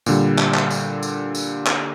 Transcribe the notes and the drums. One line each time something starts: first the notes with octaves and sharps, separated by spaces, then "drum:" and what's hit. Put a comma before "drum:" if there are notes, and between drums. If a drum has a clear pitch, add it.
A#2 D3 G3, drum: tambourine
drum: clap
drum: clap
drum: tambourine
drum: tambourine
drum: tambourine
drum: clap